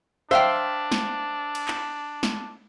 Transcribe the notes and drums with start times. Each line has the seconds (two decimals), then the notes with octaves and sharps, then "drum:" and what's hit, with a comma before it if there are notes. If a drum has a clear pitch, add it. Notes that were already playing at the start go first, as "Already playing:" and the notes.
0.31 D4 C5 E5 F5 G5
0.92 drum: snare
1.55 drum: cymbal
1.68 drum: clap
2.23 drum: snare